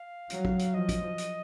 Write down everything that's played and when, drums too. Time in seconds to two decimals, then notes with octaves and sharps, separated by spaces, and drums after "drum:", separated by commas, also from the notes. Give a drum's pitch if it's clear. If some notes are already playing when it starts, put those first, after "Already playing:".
Already playing: F5
0.30 F#3, drum: hi-hat
0.45 drum: kick
0.59 drum: hi-hat
0.74 F3 D#5
0.89 drum: kick, hi-hat
1.18 drum: hi-hat